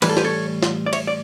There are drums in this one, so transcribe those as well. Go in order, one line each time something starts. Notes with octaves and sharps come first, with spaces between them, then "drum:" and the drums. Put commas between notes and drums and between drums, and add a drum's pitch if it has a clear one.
A2 E3 G3 B4, drum: cymbal
A4
G4 B4, drum: snare
A4 C#5
drum: snare
D5
C#5 E5, drum: cymbal
D5